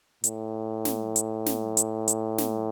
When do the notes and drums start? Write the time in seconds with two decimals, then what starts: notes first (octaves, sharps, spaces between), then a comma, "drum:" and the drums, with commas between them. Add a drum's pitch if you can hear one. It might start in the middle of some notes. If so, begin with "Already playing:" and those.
0.24 A2, drum: hi-hat
0.85 drum: snare
1.16 drum: hi-hat
1.46 drum: snare
1.77 drum: hi-hat
2.08 drum: hi-hat
2.38 drum: snare